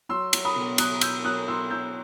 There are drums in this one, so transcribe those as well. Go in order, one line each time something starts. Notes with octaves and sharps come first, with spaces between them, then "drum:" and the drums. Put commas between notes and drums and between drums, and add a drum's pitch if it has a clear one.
F#3 C6 E6
F#3, drum: cymbal
B5 D#6
B2
F#3 D#6 F#6, drum: cymbal
B2 E6 G6, drum: cymbal
F#3 D#6 F#6
F#3 C6 E6
F#3 E6 G6